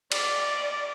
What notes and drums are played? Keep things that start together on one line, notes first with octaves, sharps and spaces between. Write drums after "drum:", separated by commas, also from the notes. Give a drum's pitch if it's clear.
D5, drum: cymbal